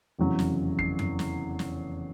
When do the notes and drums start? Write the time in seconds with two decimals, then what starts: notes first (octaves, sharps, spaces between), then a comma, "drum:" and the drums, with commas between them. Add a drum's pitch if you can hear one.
0.19 F1 E2 C#3 F#3
0.39 drum: snare
0.79 C7, drum: kick G1
0.99 drum: tom F2
1.19 drum: snare
1.59 drum: snare